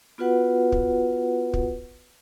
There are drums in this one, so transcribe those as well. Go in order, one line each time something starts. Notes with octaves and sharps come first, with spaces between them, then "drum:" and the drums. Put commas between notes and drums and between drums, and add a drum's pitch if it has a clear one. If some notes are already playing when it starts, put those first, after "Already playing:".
B3 F4 F#4 B4 F#5
drum: kick
drum: kick